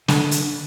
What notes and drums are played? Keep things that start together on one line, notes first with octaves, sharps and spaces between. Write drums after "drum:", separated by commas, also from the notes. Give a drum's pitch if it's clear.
D3, drum: snare
drum: hi-hat